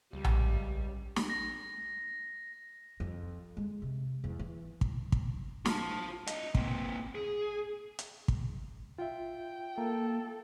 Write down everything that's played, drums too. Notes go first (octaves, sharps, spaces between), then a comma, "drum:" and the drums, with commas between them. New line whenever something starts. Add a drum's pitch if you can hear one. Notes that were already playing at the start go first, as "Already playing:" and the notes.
C#2 G3
drum: tom A#1
drum: snare
A#6
F2
G#3
C3
E2
E3
drum: kick
drum: kick
F4 A5, drum: snare
D4 D#5, drum: hi-hat
A#3 C4, drum: kick
G#4
drum: hi-hat
drum: kick
F4 E5 G5
A#3 A4